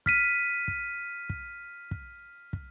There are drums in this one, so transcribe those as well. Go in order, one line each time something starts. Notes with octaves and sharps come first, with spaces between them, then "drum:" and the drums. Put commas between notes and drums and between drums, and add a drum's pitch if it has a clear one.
F6 B6 D#7, drum: kick
drum: kick
drum: kick
drum: kick
drum: kick